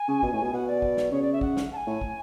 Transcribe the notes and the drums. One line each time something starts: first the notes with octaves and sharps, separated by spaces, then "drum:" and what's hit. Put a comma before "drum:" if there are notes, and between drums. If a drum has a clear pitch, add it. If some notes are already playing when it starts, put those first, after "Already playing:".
Already playing: G#5
C#3
B2, drum: kick
A2
B2
B2 F#5
D5
drum: kick
drum: snare
C#3 C#5
D5
E5
F#5, drum: kick
drum: snare
A5
G#5
A2
drum: kick